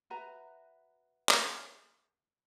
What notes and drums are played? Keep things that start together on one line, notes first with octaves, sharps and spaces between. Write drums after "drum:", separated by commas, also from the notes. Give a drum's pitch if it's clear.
F#4 B4 E5 A#5
drum: clap